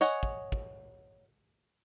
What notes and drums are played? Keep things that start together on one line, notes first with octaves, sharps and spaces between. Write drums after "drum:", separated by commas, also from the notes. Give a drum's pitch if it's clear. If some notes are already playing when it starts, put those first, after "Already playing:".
C#5 D#5 F#5 G#5
drum: kick
drum: kick